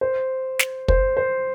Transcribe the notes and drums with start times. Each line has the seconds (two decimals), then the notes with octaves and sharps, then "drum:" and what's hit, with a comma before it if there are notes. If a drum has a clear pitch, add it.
0.01 C5
0.59 drum: snare
0.88 C5, drum: kick
1.17 C5